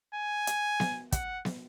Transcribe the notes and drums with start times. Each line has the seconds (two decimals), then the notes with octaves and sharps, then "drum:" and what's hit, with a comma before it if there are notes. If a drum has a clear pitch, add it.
0.15 G#5
0.47 drum: hi-hat
0.80 drum: snare B3
1.12 F#5, drum: kick, hi-hat
1.45 drum: snare B3